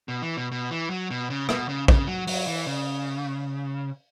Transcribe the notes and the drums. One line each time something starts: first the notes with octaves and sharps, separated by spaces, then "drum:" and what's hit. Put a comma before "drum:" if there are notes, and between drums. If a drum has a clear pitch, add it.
B2
E3
B2
B2
E3
F#3
B2
C#3
B2, drum: rim click
C#3
C#3, drum: kick
F#3
F#3, drum: open hi-hat
E3
C#3